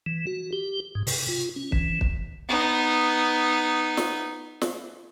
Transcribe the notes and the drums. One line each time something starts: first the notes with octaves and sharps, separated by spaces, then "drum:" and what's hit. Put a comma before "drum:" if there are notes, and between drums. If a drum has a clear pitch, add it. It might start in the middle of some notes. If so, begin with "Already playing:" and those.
E3
F#4
G4
G#2
C3, drum: open hi-hat
F4
C#4
E3, drum: kick
drum: kick
B3 D#4
drum: snare
drum: snare